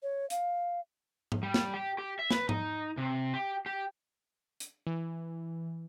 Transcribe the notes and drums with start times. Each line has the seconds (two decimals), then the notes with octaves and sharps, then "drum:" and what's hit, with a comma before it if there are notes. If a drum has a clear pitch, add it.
0.03 C#5
0.30 F5, drum: hi-hat
1.32 drum: tom G#2
1.43 G3
1.54 drum: snare
1.74 G4
1.98 G4
2.19 E5
2.31 B4, drum: snare
2.49 D#4, drum: tom G#2
2.98 C3
3.34 G4
3.66 G4
4.60 drum: hi-hat
4.87 E3